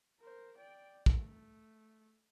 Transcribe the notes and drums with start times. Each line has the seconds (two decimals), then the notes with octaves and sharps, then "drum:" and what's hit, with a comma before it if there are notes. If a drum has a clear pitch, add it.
0.20 A#4 C5
0.57 D5 G5
1.06 drum: kick
1.16 A3